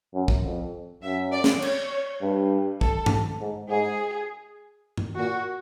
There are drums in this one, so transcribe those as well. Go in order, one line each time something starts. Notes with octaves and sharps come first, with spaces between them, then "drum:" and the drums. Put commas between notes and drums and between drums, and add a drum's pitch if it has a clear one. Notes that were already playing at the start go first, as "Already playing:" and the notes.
F#2
drum: kick
F2
F#2 E5
D5
drum: snare
C#5, drum: cymbal
G2
A4, drum: kick
drum: tom G2
G#2
G#2 G#4
drum: tom G2
A#2 F#4